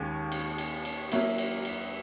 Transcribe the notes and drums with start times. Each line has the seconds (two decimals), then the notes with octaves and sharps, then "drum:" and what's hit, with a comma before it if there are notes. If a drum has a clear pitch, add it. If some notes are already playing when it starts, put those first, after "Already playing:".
Already playing: D#2 D#3 G#3 C#4 G#4
0.32 drum: cymbal
0.58 drum: cymbal
0.85 drum: cymbal
1.12 F#3 A#3 E4, drum: cymbal
1.38 drum: cymbal
1.65 drum: cymbal